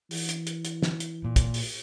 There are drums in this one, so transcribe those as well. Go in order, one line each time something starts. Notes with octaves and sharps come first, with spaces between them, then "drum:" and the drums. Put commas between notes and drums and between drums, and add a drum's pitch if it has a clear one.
E3, drum: open hi-hat
drum: hi-hat
drum: hi-hat
drum: hi-hat
drum: snare
drum: hi-hat
A#2
drum: kick, hi-hat
drum: open hi-hat